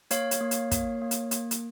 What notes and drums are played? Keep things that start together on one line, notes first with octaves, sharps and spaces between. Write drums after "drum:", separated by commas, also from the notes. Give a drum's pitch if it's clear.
A#3 C#5 F5, drum: hi-hat
drum: hi-hat
A#3
drum: hi-hat
A#3, drum: kick, hi-hat
A#3
drum: hi-hat
A#3, drum: hi-hat
drum: hi-hat